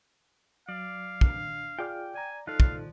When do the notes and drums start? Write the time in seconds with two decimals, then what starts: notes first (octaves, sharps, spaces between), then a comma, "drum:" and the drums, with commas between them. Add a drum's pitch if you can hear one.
0.69 F#3 D5 F5
1.21 D4, drum: kick
1.79 F4 G#4 D5 G5 D6 F6
2.15 D5 G#5 A#5
2.47 F3 D#4 A4 D5 F5 F#6
2.60 drum: kick